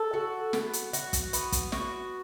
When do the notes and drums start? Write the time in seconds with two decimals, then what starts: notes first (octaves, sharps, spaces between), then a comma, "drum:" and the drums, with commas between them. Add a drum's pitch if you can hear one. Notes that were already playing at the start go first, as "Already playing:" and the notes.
Already playing: A4
0.14 F#4
0.53 B3, drum: snare
0.73 drum: hi-hat
0.93 F#4, drum: hi-hat
1.13 drum: kick, hi-hat
1.33 B3, drum: hi-hat
1.52 drum: kick, hi-hat
1.72 F#4, drum: snare